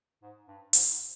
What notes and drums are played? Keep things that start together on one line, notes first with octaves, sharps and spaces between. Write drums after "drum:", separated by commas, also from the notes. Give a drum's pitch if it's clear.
G#2
G2
G#2, drum: hi-hat